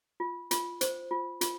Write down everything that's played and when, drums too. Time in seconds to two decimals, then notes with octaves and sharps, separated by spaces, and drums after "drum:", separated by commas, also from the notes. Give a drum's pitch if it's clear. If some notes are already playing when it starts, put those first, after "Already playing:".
0.20 F4
0.51 F4, drum: hi-hat
0.81 C5, drum: hi-hat
1.11 F4
1.41 F4, drum: hi-hat